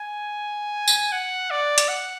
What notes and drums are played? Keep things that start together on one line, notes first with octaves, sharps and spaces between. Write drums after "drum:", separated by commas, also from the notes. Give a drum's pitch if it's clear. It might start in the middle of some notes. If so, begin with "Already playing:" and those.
Already playing: G#5
drum: tambourine
F#5
D5
drum: hi-hat
F#5